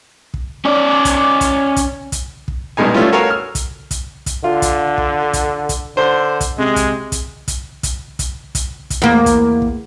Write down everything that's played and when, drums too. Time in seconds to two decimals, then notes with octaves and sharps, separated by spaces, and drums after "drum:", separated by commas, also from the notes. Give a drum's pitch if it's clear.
0.34 drum: kick
0.65 C#4 D5
1.05 drum: kick, hi-hat
1.41 drum: kick, hi-hat
1.76 drum: kick, hi-hat
2.12 drum: kick, hi-hat
2.48 drum: kick
2.77 A#1 G2 B2 G#3 D#4 G#5
2.94 G3 A3 C#4 F4
3.12 F#4 A4 A#4 C#5 F5 G#5
3.30 F6
3.55 drum: kick, hi-hat
3.91 drum: kick, hi-hat
4.26 drum: kick, hi-hat
4.44 D3 F4
4.62 drum: kick, hi-hat
4.98 drum: kick
5.33 drum: kick, hi-hat
5.69 drum: kick, hi-hat
5.97 D3 C5 C6
6.40 drum: kick, hi-hat
6.58 C3 G#3
6.76 drum: kick, hi-hat
7.12 drum: kick, hi-hat
7.48 drum: kick, hi-hat
7.83 drum: kick, hi-hat
8.19 drum: kick, hi-hat
8.55 drum: kick, hi-hat
8.90 drum: kick, hi-hat
9.02 E2 A#3
9.26 drum: kick, hi-hat
9.62 drum: kick